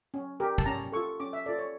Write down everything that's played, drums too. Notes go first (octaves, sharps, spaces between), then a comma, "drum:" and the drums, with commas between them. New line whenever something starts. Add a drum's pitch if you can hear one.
C#4
G4 A#4
A5, drum: kick
C#4 A#5
F4 A4 C#6
C#4 D6
E5
F4 A4 D5
C#5